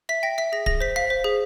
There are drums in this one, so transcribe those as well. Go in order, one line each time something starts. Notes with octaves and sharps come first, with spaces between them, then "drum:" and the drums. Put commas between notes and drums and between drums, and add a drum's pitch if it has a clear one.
E5 B6
G5 A#6
E5 B6
G#4 A#6
G#4 A#6, drum: kick D1
C5 B6
F5 B6
C5
G#4